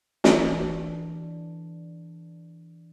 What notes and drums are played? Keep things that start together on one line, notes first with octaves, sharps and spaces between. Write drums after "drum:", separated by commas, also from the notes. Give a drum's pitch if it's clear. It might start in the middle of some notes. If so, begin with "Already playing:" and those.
E3 D4, drum: snare